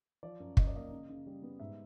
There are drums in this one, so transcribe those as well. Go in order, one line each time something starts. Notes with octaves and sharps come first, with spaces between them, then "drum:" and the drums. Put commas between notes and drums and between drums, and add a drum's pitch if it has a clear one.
F3 D5
F#2
F#2 D#5, drum: kick
D5
A#3 D#5
C#3
C#3
G3
B3
G#2 E5